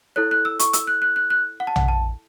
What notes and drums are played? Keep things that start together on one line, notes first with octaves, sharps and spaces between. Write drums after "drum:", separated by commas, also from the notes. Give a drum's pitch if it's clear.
E4 A4 C#5 F#6
F#6
E6
C#6, drum: hi-hat
E6, drum: hi-hat
F#6
F#6
F#6
F#6
F#5
A5
F#5, drum: tom
A5